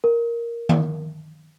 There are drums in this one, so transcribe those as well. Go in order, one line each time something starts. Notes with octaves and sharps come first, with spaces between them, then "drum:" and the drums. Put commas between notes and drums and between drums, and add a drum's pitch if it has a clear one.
A#4
drum: tom D#3